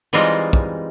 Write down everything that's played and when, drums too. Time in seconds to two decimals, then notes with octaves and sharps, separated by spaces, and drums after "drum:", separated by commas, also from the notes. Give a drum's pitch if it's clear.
0.13 E3 G3 G#3 C4 D#4 F4
0.53 drum: kick